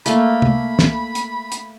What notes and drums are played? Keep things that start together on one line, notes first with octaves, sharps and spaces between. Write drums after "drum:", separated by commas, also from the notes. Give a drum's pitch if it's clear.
A3 A#3 B5, drum: hi-hat
drum: tom C3
drum: snare
drum: hi-hat
drum: hi-hat